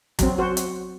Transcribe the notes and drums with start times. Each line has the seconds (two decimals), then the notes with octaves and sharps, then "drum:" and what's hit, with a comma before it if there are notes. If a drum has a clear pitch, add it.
0.19 F#3 C4, drum: kick, hi-hat
0.38 F#4 C5
0.57 drum: hi-hat